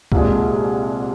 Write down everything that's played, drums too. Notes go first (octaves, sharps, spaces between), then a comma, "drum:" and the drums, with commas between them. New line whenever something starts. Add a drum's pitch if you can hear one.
C2 A#2 G#3, drum: kick C2